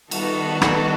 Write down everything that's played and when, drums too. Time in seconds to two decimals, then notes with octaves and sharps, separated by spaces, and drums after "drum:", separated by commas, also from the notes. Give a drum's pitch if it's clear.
0.11 D#3 G3 B3 F#4 A4, drum: cymbal
0.62 drum: rim click